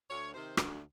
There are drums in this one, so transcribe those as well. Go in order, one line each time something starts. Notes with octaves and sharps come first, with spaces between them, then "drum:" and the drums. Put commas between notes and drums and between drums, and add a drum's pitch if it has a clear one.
D2 C#5
C3 D#3 C5
D2, drum: rim click